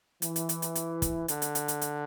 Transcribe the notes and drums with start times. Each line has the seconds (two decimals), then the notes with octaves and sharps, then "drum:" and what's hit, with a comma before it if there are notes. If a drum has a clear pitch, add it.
0.22 E3, drum: hi-hat
0.36 drum: hi-hat
0.49 drum: hi-hat
0.62 drum: hi-hat
0.75 drum: hi-hat
1.02 drum: kick, hi-hat
1.28 D3, drum: hi-hat
1.42 drum: hi-hat
1.55 drum: hi-hat
1.68 drum: hi-hat
1.81 drum: hi-hat